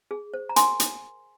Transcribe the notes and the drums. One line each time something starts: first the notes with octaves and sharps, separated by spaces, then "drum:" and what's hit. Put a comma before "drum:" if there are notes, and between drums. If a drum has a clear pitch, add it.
G#4
C5
A#5
A#4 G#5 C6, drum: hi-hat
drum: hi-hat